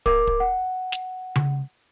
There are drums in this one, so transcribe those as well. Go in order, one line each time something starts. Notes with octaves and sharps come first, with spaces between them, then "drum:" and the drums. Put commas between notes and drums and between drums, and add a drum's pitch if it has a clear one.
A#4 D6, drum: kick
drum: kick
F#5
drum: snare
drum: tom C#3